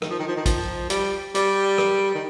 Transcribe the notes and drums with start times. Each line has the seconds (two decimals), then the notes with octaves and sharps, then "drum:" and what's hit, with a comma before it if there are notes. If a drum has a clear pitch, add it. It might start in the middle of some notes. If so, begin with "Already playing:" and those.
0.02 D#3, drum: rim click
0.10 F3
0.19 D#3
0.28 F3
0.37 D#3
0.46 F3, drum: kick, hi-hat
0.90 G3, drum: hi-hat
1.35 G3, drum: hi-hat
1.78 drum: rim click
2.15 D#3